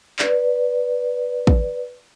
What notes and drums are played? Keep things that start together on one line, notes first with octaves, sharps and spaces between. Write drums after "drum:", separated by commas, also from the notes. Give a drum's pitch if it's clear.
B4 D5, drum: clap
drum: kick